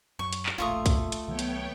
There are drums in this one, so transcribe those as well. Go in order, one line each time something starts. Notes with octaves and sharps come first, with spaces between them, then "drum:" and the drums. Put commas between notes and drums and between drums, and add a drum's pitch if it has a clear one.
F#2 C#6
drum: hi-hat
drum: clap
E1 A#1 A#2 A3 F4 C#6 D#6
drum: kick, hi-hat
drum: hi-hat
C2 D#3 F#3 B3 C#5 G5
drum: hi-hat